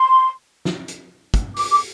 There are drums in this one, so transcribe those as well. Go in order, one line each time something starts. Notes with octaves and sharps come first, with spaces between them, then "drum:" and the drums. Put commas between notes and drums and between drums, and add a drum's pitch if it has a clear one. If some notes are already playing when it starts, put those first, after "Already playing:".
Already playing: C6
drum: snare
drum: hi-hat
drum: kick, hi-hat
D6, drum: open hi-hat
D6